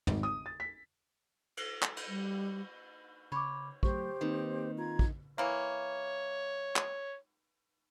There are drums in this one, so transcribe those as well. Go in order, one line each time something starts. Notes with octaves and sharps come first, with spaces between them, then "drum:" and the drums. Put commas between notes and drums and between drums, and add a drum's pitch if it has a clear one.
G#1, drum: tom
D#6
A6
B6
drum: cymbal
drum: clap
drum: cymbal
G3
C#3 C#5 B5 C#6 D6
F#3 A3 G4 C5 C#6, drum: kick
D#3 A#3 C4 D#4 B4
F4 A#5 G#6
drum: kick
E3 A#3 C#5
drum: clap